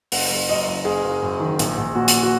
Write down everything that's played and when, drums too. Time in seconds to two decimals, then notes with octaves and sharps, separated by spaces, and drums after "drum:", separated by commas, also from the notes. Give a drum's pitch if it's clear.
0.12 F#1 F#5, drum: open hi-hat
0.31 F#1
0.49 F#2 D#5
0.68 F#1
0.85 F#1 G#4
1.04 F#1
1.22 F#2
1.40 D#3
1.59 A#1, drum: hi-hat
1.78 A#1
1.95 A#2 F#4
2.08 drum: hi-hat
2.23 F#4